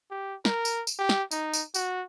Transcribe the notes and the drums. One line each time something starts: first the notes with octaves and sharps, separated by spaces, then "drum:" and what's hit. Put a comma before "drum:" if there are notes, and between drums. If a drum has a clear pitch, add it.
G4
A#4, drum: snare
drum: tambourine
drum: tambourine
G4
drum: snare
D#4, drum: tambourine
drum: tambourine
F#4, drum: tambourine